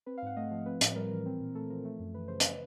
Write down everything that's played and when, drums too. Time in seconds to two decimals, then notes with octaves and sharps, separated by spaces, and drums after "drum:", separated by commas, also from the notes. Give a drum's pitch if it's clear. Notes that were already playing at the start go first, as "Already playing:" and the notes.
0.06 C4 B4
0.18 F5
0.22 G#2 F#5
0.37 A3 D#5
0.51 F3
0.66 C4 B4
0.81 A2, drum: hi-hat
0.96 G3 A#4
1.10 E3
1.26 C4
1.40 A#2
1.55 A3 A4
1.70 F3 A#4
1.85 A3
1.99 F#2
2.14 E3 B4
2.28 C#3 C5
2.40 B4, drum: hi-hat